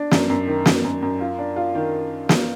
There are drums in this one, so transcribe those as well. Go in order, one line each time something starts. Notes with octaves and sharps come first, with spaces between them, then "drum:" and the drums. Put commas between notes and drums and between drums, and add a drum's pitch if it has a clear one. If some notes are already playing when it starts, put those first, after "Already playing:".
Already playing: D4
F#2, drum: snare
F#2
D#3
F#2, drum: snare
F#2
F#2
F4
D4
F4
D#3
drum: snare